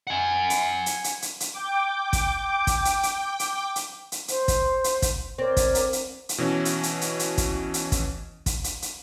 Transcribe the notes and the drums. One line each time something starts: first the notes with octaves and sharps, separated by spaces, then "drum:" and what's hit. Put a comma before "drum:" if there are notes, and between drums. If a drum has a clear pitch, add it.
F#5 G#5
drum: hi-hat
drum: hi-hat
drum: hi-hat
drum: hi-hat
drum: hi-hat
G5 D6
drum: kick, hi-hat
drum: kick, hi-hat
drum: hi-hat
drum: hi-hat
drum: hi-hat
drum: hi-hat
drum: hi-hat
C5, drum: hi-hat
drum: kick, hi-hat
drum: hi-hat
drum: kick, hi-hat
C4 A#4 C#5 D5
drum: kick, hi-hat
drum: hi-hat
drum: hi-hat
drum: hi-hat
B2 E3 C#4
drum: hi-hat
drum: hi-hat
drum: hi-hat
drum: hi-hat
drum: kick, hi-hat
drum: hi-hat
drum: kick, hi-hat
drum: kick, hi-hat
drum: hi-hat
drum: hi-hat